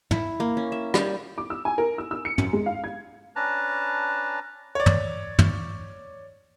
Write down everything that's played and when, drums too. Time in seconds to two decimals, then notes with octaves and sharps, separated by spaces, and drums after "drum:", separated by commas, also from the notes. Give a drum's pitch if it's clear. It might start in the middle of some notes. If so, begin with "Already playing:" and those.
0.11 E4, drum: tom
0.40 A#3
0.57 C#4
0.72 E5
0.94 G3, drum: rim click
1.38 D6
1.50 E6
1.65 G#5
1.78 A#4
1.98 E6
2.11 E6
2.25 C#7
2.38 F#2, drum: tom
2.53 G#3
2.66 F5
2.84 G#6
3.36 C#4 D4 B4 A5 A#5
4.75 C#5 D5
4.86 drum: tom
5.39 drum: tom